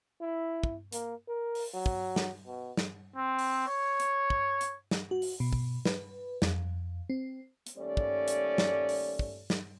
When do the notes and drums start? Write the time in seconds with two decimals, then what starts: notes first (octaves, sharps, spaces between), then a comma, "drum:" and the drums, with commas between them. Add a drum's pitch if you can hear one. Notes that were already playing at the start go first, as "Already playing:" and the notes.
0.21 E4
0.63 drum: kick
0.92 A#3, drum: hi-hat
1.28 A#4
1.55 drum: open hi-hat
1.74 F#3
1.86 drum: kick
2.16 drum: snare
2.47 B2
2.77 drum: snare
3.16 C4
3.39 drum: open hi-hat
3.68 C#5
4.00 drum: hi-hat
4.30 drum: kick
4.61 drum: hi-hat
4.91 drum: snare
5.11 F#4
5.22 drum: open hi-hat
5.40 B2
5.53 drum: kick
5.85 B4, drum: snare
6.42 F2, drum: snare
7.10 C4
7.67 drum: hi-hat
7.77 D#2 G3 A3 C#4 D5
7.97 drum: kick
8.28 drum: hi-hat
8.58 drum: snare
8.89 drum: open hi-hat
9.19 drum: kick
9.50 drum: snare